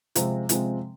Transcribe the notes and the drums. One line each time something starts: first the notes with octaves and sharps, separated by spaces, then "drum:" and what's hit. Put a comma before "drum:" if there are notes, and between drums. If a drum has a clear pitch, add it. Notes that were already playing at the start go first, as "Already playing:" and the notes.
C3 F3 G#3 C4, drum: hi-hat
C3 F3 G#3 C4, drum: hi-hat